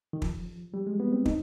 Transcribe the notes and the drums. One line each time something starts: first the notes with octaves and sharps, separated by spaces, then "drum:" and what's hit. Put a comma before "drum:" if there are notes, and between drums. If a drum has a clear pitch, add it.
D#3
F3, drum: kick
G3
G#3
B3
C4
D#4, drum: kick